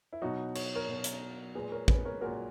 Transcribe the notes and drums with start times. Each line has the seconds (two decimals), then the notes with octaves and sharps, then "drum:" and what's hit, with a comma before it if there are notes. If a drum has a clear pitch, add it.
0.13 E4
0.22 B2 F#3 D#4 F#4
0.55 C#5, drum: cymbal
0.75 A#4 C#5
0.88 B2 F#3
1.04 drum: hi-hat
1.55 A#2 G#3 G#4 B4
1.72 A#4 C#5
1.88 G#4 B4, drum: kick
2.05 A#4 C#5
2.21 A#2 G#3 F#4 A#4